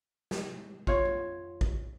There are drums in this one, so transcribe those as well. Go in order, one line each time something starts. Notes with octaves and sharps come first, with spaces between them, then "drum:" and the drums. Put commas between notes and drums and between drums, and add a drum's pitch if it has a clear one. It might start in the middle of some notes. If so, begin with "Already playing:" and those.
drum: snare
F4 C#5, drum: kick
drum: tom F2
drum: kick